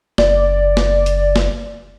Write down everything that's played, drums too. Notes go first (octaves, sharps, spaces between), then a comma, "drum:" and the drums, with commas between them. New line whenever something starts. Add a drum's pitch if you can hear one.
F#1 D5, drum: snare
drum: snare
drum: hi-hat
drum: snare